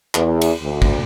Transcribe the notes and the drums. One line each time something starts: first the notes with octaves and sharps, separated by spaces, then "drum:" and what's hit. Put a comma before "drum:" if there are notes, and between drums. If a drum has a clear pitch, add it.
E2, drum: clap
drum: cymbal
D2
drum: kick